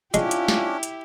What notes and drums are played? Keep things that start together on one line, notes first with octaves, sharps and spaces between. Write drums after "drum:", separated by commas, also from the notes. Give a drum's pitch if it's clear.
G#3 C#4 D4 E4 F4 G4, drum: hi-hat
drum: hi-hat
drum: snare
drum: hi-hat